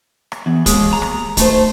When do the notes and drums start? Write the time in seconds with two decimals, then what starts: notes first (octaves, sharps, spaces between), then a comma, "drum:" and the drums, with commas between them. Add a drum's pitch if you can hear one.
0.32 drum: rim click
0.46 E2
0.66 D#2 G#3, drum: kick, hi-hat
0.93 A#5
1.02 drum: rim click
1.37 D#3 A3 C5, drum: kick, hi-hat